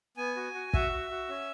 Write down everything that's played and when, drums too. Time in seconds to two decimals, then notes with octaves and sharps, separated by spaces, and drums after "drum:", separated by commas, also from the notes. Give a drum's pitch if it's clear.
0.17 B3 G#5
0.36 F#4
0.54 F#4
0.73 F#4 E5, drum: kick
0.92 F#4
1.11 F#4
1.29 C#4